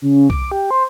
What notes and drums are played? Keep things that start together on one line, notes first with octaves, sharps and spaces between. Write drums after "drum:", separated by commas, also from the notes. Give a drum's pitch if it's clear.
C#3
D6, drum: kick C2
G4
C5